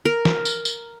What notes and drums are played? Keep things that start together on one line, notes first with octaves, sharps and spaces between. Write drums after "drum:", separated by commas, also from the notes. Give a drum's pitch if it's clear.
A#4
drum: snare
drum: tambourine
drum: tambourine